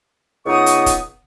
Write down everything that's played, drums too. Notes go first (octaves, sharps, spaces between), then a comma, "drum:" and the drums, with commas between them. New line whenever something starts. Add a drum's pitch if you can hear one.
C#2 B3 D#4 C#6 D#6
drum: hi-hat
drum: kick, hi-hat